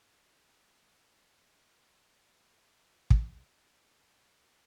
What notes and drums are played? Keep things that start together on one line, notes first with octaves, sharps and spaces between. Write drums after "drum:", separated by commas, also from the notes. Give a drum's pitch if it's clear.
C#4
D4
B3
C#4
B3
F#4
F3 B3 F4 B4 C#5
drum: kick
C#3
F#3 G#3 A3 C#5 A#6